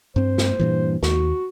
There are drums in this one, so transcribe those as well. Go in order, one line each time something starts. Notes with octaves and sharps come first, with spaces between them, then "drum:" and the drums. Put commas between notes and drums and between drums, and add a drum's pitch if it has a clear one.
G2 C4 C5
drum: snare
G2 A#2 E3
D#2 F#4, drum: snare